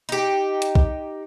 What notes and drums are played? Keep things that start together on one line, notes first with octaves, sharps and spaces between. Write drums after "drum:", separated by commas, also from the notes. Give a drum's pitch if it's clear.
D#4 G4
drum: hi-hat
drum: kick B1